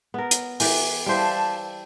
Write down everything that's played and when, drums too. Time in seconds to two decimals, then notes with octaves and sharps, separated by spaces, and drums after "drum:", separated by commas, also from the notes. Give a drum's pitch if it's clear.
0.14 B3 A#4
0.31 drum: hi-hat
0.60 E3 G4 B4, drum: open hi-hat
1.06 G3 E4 C5 F5 A5